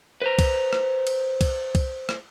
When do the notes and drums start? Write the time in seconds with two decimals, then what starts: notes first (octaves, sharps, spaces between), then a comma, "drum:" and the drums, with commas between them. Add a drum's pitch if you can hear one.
0.22 B4 C5 A#5
0.39 drum: kick C2, cymbal
0.73 drum: rim click
1.07 drum: cymbal
1.41 drum: kick C2, cymbal
1.75 drum: kick C2, cymbal
2.09 drum: rim click